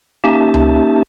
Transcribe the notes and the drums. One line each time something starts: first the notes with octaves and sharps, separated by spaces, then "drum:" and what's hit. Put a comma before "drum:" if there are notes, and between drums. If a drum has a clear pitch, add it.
A#3 C#4 D#4 G4 E5 A5
drum: tom C#2